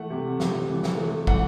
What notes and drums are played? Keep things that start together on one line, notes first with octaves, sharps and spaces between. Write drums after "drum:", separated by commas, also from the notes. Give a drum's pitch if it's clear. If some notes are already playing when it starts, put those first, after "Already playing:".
Already playing: E3 A3 F#5
C3
C3, drum: snare
E3
drum: snare
A3
E3 F#5, drum: kick